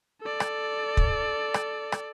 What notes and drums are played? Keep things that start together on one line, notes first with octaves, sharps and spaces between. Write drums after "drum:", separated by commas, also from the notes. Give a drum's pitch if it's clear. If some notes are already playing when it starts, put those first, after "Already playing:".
A4 D5
drum: rim click
drum: kick
drum: rim click
drum: rim click